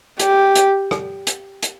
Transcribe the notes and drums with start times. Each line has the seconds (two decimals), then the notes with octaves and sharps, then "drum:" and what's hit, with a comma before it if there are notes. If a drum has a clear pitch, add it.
0.20 G4, drum: hi-hat
0.55 drum: hi-hat
0.91 drum: rim click
1.27 drum: hi-hat
1.63 drum: hi-hat